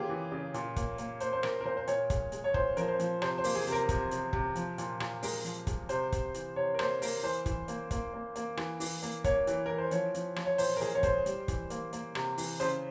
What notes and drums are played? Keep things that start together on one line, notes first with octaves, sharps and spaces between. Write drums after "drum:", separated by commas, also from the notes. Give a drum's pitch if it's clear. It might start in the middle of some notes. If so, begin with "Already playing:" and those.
Already playing: C#3 A#3 F4 G4 G#4
E3
C#3
A#2, drum: hi-hat
A#3, drum: kick, hi-hat
A#3, drum: hi-hat
A#3 C5, drum: hi-hat
C5
A#2 A#4, drum: rim click
A#4
A#2 C5
C5
A#2 C#5, drum: hi-hat
G#3, drum: kick, hi-hat
G#3, drum: hi-hat
C#5
A#2 C5, drum: kick
F3 A#4, drum: hi-hat
C5
F3, drum: hi-hat
C3 C5, drum: rim click
C5
A#3, drum: open hi-hat
G#4
C3, drum: hi-hat
A#4
C3, drum: kick, hi-hat
C3, drum: hi-hat
C3, drum: kick
F3, drum: hi-hat
A#2, drum: hi-hat
A#2, drum: rim click
G#3 A#4, drum: open hi-hat
F3, drum: hi-hat
G#3, drum: kick, hi-hat
C3 C5, drum: hi-hat
C3, drum: kick, hi-hat
E3, drum: hi-hat
C3 C#5
A#4
A#3 C5, drum: rim click
A#3 A#4, drum: open hi-hat
E3 C5
E3, drum: kick, hi-hat
A#3, drum: hi-hat
A#3, drum: kick, hi-hat
A#3
A#3, drum: hi-hat
E3, drum: rim click
E3, drum: open hi-hat
A#3, drum: hi-hat
A#3 C#5, drum: kick, hi-hat
E3, drum: hi-hat
E3 A#4
C5
F3 C#5, drum: hi-hat
F3, drum: hi-hat
F3, drum: rim click
C#5
A#2 C5, drum: open hi-hat
A#4
A#2 G#4, drum: hi-hat
C#5
G#3 C5, drum: kick, hi-hat
G3, drum: hi-hat
E3, drum: kick, hi-hat
A#3, drum: hi-hat
A#3, drum: hi-hat
C3, drum: rim click
E3, drum: open hi-hat
C#3 C5, drum: hi-hat